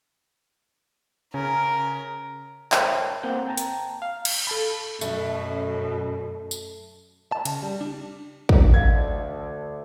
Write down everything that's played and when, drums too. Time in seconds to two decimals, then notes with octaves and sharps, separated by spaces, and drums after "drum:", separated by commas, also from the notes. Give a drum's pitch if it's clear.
1.34 C#3 C#4 A#4
2.72 A#4 C5 C#5 G5 A5, drum: clap
3.23 A#3 C4 F#5 G6
3.47 G5 A5 A#5
3.57 drum: hi-hat
4.02 F5
4.25 drum: cymbal
4.47 A4 A5 B5
5.01 F#2 B2 A3, drum: tambourine
6.51 drum: tambourine
7.32 A5
7.45 C#3, drum: cymbal
7.63 G3
7.81 D4
8.49 drum: kick
8.74 D2 D3 D#5 F5 F#5 G#6